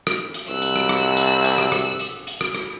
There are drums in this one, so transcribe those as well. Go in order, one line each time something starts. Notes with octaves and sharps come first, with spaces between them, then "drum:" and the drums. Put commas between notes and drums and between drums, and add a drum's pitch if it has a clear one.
drum: rim click
drum: hi-hat
C2 E6 F#6
drum: hi-hat
drum: rim click
drum: rim click
drum: hi-hat
drum: hi-hat
drum: rim click
drum: rim click
drum: hi-hat
drum: hi-hat
drum: rim click
drum: rim click